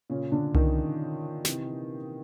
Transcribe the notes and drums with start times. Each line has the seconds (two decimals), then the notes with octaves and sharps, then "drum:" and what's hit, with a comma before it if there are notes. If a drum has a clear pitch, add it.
0.10 A#2 C#3 C#4
0.32 D3 D4
0.55 D#3 D#4, drum: tom C2
1.45 C3 E3, drum: snare